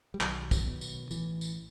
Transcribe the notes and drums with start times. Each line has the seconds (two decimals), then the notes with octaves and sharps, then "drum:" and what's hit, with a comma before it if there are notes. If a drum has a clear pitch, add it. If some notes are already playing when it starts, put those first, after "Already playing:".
0.14 G3
0.21 B1 D#3 F#3, drum: clap
0.51 drum: kick, tambourine
0.66 B2
0.81 drum: tambourine
1.11 A1 E3, drum: tambourine
1.41 drum: tambourine